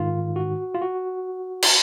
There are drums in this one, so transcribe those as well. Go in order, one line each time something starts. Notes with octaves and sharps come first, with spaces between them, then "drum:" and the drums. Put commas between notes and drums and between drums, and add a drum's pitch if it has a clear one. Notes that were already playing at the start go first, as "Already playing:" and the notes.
Already playing: G#2 D#3 F4
F#4
F4
F#4
drum: cymbal